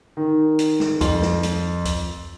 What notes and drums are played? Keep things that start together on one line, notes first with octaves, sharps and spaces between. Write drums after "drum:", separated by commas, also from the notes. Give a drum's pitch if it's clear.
D#3
drum: hi-hat
drum: snare
F2, drum: kick C#2, hi-hat
drum: snare
drum: hi-hat
drum: kick C#2, hi-hat